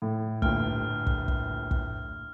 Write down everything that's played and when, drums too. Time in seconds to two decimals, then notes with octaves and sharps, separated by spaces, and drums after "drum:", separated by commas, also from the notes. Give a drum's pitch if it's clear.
0.02 A2
0.42 G1 A#2 A3 G5 F6, drum: kick
1.07 drum: kick
1.28 drum: kick
1.71 drum: kick